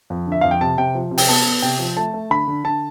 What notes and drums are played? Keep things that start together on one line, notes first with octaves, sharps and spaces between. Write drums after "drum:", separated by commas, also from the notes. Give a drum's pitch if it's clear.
F2
D3
E5
F2 F5
G5
C3 A5
C3 G5
F3
C3
G5, drum: open hi-hat
B3 A5
B3
C3 G5
F3
A3 A5
A3
D3 B5
D3
D3 A5